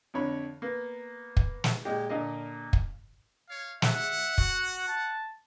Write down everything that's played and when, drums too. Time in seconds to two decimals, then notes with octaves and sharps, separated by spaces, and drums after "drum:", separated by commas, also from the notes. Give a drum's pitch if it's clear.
0.14 F2 D3 C#5 B5
0.62 A#3 B3
1.37 drum: kick
1.64 drum: snare
1.85 A#2 G#3 G4
2.09 A#2 D3 A#3 A#4 D#5
2.73 drum: kick
3.48 C#5 F5
3.82 E5 F#5, drum: snare
4.38 F#4, drum: kick
4.88 A5